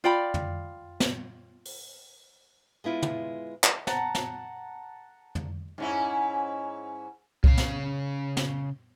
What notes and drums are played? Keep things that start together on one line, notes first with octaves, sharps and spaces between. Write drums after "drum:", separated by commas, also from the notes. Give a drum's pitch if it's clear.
F4 D5 G5 B5
drum: tom
drum: snare
drum: open hi-hat
G#3 B3 E4 F4
drum: tom
drum: clap
F#5 A5 A#5, drum: snare
drum: snare
drum: tom
G#2 C#4 E4
C#3 F5, drum: kick C2
drum: snare
drum: snare